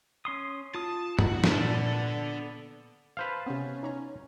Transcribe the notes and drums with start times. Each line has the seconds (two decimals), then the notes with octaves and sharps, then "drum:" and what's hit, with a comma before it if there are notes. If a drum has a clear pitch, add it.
0.25 C#4 C6 D#6
0.75 F4 A5 D#6
1.19 F#4, drum: tom G2
1.44 drum: snare
1.53 A#2 B3 D4 A4 D5 A5
3.17 B4 C5 F5 A5
3.46 C3 B3 C#4
3.83 D#4 C#5 A#5